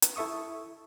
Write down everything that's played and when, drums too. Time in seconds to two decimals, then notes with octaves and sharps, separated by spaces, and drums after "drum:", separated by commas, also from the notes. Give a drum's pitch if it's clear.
0.02 drum: hi-hat
0.16 E4 A4 E5 C#6 D#6